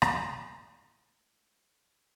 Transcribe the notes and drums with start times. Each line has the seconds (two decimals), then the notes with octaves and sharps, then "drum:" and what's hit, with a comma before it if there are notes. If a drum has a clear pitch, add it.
0.02 G#3 A3 C4 E4 A4, drum: rim click